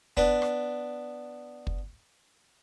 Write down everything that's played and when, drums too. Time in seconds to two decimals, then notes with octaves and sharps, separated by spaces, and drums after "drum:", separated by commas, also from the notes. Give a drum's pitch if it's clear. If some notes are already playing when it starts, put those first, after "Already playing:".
0.17 B3 D4, drum: kick
0.42 drum: rim click
1.67 drum: kick